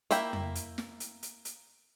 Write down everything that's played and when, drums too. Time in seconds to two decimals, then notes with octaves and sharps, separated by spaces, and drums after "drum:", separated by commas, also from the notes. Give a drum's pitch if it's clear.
0.11 A#3 E4 E5 G5, drum: hi-hat
0.33 drum: tom F2
0.55 drum: hi-hat
0.78 drum: snare
1.00 drum: hi-hat
1.23 drum: hi-hat
1.45 drum: hi-hat